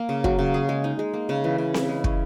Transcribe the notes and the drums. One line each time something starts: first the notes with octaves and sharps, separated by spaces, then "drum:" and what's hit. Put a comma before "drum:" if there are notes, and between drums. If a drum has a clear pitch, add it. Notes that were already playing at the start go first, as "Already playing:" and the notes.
Already playing: A#3
C#3
F#3, drum: kick
C#3
G#4
G#3
D#4
G#3
A#3
C#3
E3
C#3
E4, drum: snare C4
G#3
C#4, drum: kick